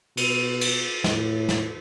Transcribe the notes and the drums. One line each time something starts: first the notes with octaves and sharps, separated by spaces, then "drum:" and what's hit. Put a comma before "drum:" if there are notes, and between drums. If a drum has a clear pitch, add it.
B2, drum: cymbal
drum: cymbal
A2, drum: snare
drum: snare